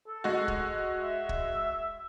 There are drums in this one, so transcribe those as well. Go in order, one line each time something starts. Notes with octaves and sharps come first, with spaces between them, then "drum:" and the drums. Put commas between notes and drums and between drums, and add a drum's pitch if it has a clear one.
A4
G#3 F#4
drum: kick
E5
drum: kick